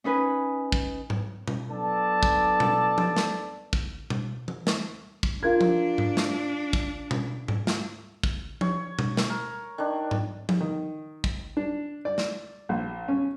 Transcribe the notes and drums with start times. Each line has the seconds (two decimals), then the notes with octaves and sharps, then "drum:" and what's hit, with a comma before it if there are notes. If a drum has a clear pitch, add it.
0.04 C#4 D#4 B4 G#5
0.72 drum: kick
1.10 drum: tom G#2
1.48 drum: tom B2
1.70 F#3 B3 D4 A4 D5 A5
2.23 drum: kick
2.60 drum: tom B2
2.98 drum: tom F3
3.17 drum: snare
3.73 drum: kick
4.10 drum: tom B2
4.48 drum: tom E3
4.67 drum: snare
5.23 drum: kick
5.43 D4 F4 A#4 G#6
5.61 drum: tom F3
5.98 drum: tom G#2
6.17 drum: snare
6.73 drum: kick
7.11 drum: tom B2
7.48 drum: tom G#2
7.67 drum: snare
8.23 drum: kick
8.61 C#5, drum: tom F3
8.99 drum: tom B2
9.17 drum: snare
9.30 A#4
9.78 D#3 D4
10.11 drum: tom G#2
10.49 drum: tom F3
10.60 D#3
11.24 drum: kick
11.57 D4
12.05 D5
12.18 drum: snare
12.69 A#1
13.08 C#4